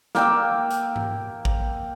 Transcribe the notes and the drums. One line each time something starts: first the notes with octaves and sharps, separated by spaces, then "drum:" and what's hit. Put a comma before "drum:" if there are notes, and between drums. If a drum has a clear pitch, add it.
A#3 G5 E6, drum: snare
drum: hi-hat
drum: tom G#2
drum: kick